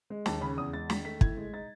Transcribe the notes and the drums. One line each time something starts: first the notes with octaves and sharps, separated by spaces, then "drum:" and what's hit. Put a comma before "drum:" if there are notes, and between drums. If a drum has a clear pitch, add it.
G#3
D#2 A5, drum: snare
C#3 B5
E2 D#6
G#3 A6
D#3 B6, drum: snare
A3 B6
E4 G#6, drum: kick
G#3
D#4 A6